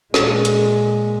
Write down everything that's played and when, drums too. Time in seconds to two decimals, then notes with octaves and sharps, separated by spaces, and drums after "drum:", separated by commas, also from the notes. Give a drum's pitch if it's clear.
0.14 A#2 G#3, drum: snare
0.45 drum: hi-hat